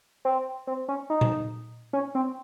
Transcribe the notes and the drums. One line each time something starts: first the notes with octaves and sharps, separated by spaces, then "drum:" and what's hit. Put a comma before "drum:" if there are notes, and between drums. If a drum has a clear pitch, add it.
C4
C4
C#4
D#4
drum: tom A#2
C#4
C4